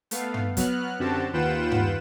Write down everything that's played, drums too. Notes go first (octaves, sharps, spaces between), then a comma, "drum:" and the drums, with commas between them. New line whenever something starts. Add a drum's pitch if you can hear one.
A3 B3 F5, drum: hi-hat
drum: tom
F#3 B3 F6 F#6, drum: kick, hi-hat
F#2 D3 C4 F#4 G4 A5
D#2 F4 B4 F#5 G5 E7
drum: tom